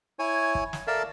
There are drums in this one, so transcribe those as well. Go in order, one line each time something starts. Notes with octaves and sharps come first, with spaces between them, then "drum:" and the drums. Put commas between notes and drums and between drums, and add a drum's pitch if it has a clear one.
E4 C#5 G#5
drum: kick
drum: snare
A4 A#4 D5 E5 F5 A5